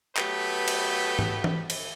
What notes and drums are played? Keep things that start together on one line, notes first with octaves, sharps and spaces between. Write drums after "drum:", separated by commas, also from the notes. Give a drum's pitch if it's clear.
F#3 A3 B3 G4 A4 B4, drum: clap
drum: cymbal
drum: tom G#2
drum: tom E3
drum: cymbal